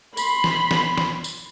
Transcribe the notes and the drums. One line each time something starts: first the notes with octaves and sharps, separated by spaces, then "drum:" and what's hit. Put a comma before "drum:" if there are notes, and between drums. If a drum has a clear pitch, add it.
B5 C6, drum: tambourine
drum: snare
drum: snare
drum: snare
drum: tambourine